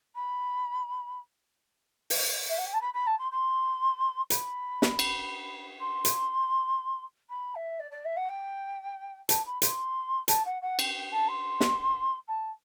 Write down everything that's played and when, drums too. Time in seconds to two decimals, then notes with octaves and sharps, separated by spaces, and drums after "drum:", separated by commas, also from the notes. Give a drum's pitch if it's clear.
0.15 B5
2.10 drum: open hi-hat
2.49 E5
2.58 F#5
2.65 G5
2.73 A5
2.81 B5
2.93 B5
3.06 A5
3.18 C6
3.31 C6
4.30 B5, drum: hi-hat
4.82 drum: snare
4.99 drum: cymbal
5.80 C6
6.05 drum: hi-hat
7.29 B5
7.55 E5
7.79 D5
7.91 D5
8.05 E5
8.16 F#5
8.29 G5
9.29 A5, drum: hi-hat
9.46 B5
9.62 C6, drum: hi-hat
10.28 A5, drum: hi-hat
10.45 F#5
10.62 F#5
10.79 G5, drum: cymbal
10.94 G5
11.12 A5
11.28 C6
11.60 drum: snare
12.28 A5